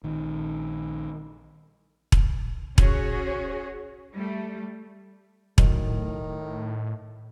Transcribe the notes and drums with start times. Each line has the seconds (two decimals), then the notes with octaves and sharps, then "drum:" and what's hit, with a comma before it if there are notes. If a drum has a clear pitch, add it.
0.03 A#1 D#3
2.12 drum: kick E1
2.78 C#4 F#4 G#4 C#5, drum: kick E1
4.13 G3 A3
5.58 A2 D#3 F#3, drum: kick E1